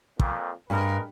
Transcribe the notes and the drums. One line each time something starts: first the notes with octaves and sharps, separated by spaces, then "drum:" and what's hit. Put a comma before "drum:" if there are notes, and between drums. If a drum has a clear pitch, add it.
F2 A#2, drum: kick
G2 G#3 A#4 B4